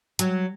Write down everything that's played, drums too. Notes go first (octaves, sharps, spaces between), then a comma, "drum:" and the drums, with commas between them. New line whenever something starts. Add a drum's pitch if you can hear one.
F#3, drum: hi-hat